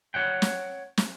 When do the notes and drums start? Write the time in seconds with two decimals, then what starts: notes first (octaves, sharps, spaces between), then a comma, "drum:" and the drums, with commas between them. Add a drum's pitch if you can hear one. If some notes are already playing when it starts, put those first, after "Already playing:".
0.14 C#5 F#5 G5
0.42 drum: snare
0.98 drum: snare